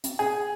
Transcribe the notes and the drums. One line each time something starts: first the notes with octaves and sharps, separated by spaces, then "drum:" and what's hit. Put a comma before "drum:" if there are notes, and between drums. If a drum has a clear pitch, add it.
drum: hi-hat
G#4